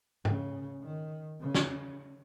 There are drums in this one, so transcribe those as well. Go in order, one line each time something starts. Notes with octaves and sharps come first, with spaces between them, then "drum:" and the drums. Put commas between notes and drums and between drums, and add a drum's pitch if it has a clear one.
C#3, drum: tom
D#3
C#3
drum: snare